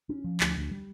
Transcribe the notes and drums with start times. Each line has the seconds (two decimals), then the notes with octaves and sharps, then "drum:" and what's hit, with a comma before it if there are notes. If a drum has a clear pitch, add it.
0.09 C#4
0.24 F3
0.40 D2, drum: clap
0.56 D2
0.71 G3